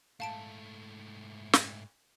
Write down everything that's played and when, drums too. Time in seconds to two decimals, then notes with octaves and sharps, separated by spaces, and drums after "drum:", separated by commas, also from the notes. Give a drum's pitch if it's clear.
0.20 G#2 A3 F5 A5 D7
1.53 drum: snare